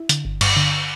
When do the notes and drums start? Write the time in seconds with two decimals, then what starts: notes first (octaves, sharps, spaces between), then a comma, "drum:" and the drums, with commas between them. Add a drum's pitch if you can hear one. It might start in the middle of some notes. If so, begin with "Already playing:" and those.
Already playing: E4
0.09 D3, drum: hi-hat
0.25 G1
0.41 G2, drum: cymbal
0.57 D3